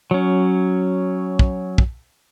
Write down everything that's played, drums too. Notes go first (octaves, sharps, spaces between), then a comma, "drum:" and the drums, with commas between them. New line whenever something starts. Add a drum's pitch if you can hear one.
F#3 C#4
drum: kick
drum: kick